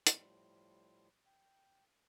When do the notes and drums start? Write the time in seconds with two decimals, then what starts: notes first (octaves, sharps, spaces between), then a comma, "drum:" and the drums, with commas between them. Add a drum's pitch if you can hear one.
0.07 A2 F3 G3 C6, drum: hi-hat
1.26 G5